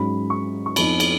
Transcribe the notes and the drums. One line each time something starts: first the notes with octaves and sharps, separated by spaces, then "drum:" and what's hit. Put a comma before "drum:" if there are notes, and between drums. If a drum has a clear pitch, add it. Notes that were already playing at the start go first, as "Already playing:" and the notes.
Already playing: G#2 F#3 C#4 B5
C#6
C#6
F2 F3 B3 D#4 B5, drum: cymbal
drum: cymbal